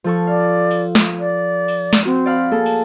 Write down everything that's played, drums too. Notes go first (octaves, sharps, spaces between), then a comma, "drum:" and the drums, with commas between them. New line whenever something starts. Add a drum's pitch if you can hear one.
F3 A4 C#6
D5 F5
drum: open hi-hat
drum: snare
D5
drum: open hi-hat
drum: snare
C4 F#4
D5 F5 B5
A#3 G#4 A4
drum: open hi-hat